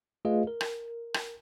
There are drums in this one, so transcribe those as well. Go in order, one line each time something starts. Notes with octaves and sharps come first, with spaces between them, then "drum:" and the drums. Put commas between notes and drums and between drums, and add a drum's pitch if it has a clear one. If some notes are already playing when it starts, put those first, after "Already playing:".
A3 F4 G#4 B4 D#5 F5
A#4
drum: rim click
drum: rim click